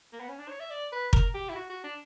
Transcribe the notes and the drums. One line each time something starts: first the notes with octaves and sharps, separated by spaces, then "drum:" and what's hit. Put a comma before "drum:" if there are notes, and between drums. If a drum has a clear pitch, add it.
A#3
B3
C#4
D4
C#5
E5
D5
B4
A#4, drum: kick
G4
E4
F#4
F#4
D4